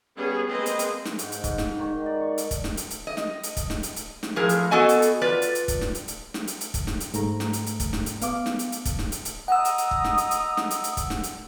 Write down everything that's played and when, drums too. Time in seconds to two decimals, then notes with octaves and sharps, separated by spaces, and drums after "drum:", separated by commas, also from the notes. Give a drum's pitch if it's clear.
0.16 G3 B3 C#4 G#4
0.48 G#3 A#3 C4 G#4 B4 D#5
0.66 drum: hi-hat
0.79 drum: hi-hat
1.05 drum: snare
1.19 G#2, drum: hi-hat
1.32 drum: hi-hat
1.44 G#2, drum: kick, hi-hat
1.58 drum: snare
1.80 D#3
2.06 D5
2.20 C#6
2.38 drum: hi-hat
2.51 drum: kick, hi-hat
2.64 drum: snare
2.77 drum: hi-hat
2.90 drum: hi-hat
3.07 D#5
3.17 drum: snare
3.43 drum: hi-hat
3.57 drum: kick, hi-hat
3.70 drum: snare
3.83 drum: hi-hat
3.96 drum: hi-hat
4.23 drum: snare
4.36 F2 A2 F3 G#4 A#4
4.49 drum: hi-hat
4.71 B3 F#4 A4 D#5 G#5
4.89 drum: hi-hat
5.02 drum: hi-hat
5.21 F4 B4 D5
5.42 drum: hi-hat
5.55 drum: hi-hat
5.68 drum: kick, hi-hat
5.81 drum: snare
5.95 drum: hi-hat
6.08 drum: hi-hat
6.34 drum: snare
6.47 drum: hi-hat
6.61 drum: hi-hat
6.74 drum: kick, hi-hat
6.87 drum: snare
7.00 drum: hi-hat
7.14 G#2 A3 A#5, drum: hi-hat
7.40 drum: snare
7.53 drum: hi-hat
7.66 drum: hi-hat
7.80 drum: kick, hi-hat
7.93 drum: snare
8.06 drum: hi-hat
8.21 B3 F5 D6, drum: hi-hat
8.46 drum: snare
8.59 drum: hi-hat
8.72 drum: hi-hat
8.85 drum: kick, hi-hat
8.99 drum: snare
9.12 drum: hi-hat
9.25 drum: hi-hat
9.48 D#5 F#5 A#5 D#6 E6
9.65 drum: hi-hat
9.78 drum: hi-hat
9.91 drum: kick
10.04 drum: snare
10.18 drum: hi-hat
10.31 drum: hi-hat
10.57 drum: snare
10.71 drum: hi-hat
10.84 drum: hi-hat
10.97 drum: kick, hi-hat
11.10 drum: snare
11.23 drum: hi-hat